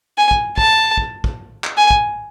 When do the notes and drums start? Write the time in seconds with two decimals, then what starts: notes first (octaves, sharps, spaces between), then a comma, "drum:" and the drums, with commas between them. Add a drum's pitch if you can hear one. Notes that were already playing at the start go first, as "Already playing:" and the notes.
0.18 G#5
0.31 drum: kick
0.58 A5, drum: kick
0.97 drum: kick
1.24 drum: kick
1.64 drum: clap
1.78 G#5
1.90 drum: kick